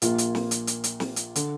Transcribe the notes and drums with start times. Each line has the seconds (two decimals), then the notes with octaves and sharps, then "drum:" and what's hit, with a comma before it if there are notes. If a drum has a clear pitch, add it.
0.02 A#1 A#2 A#3 F4, drum: hi-hat
0.18 drum: hi-hat
0.35 drum: snare
0.51 drum: hi-hat
0.67 drum: hi-hat
0.84 drum: hi-hat
1.00 drum: snare
1.16 drum: hi-hat
1.36 D3, drum: hi-hat